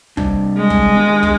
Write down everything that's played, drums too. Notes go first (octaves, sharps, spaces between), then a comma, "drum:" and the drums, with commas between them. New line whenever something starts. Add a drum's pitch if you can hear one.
C3 G3 D4, drum: kick
G#3
drum: kick
D#3 B3 D4
drum: kick